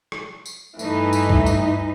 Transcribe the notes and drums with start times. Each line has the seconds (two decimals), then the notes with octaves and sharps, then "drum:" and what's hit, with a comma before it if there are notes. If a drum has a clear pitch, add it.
0.12 drum: rim click
0.46 drum: tambourine
0.79 G2 E3 A3 D#4 B4, drum: tambourine
1.13 drum: tambourine
1.29 drum: kick C2
1.46 drum: tambourine